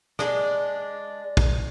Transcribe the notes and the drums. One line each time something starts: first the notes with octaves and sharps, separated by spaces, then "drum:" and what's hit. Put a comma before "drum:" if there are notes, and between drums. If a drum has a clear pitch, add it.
G#3 D4, drum: rim click
drum: kick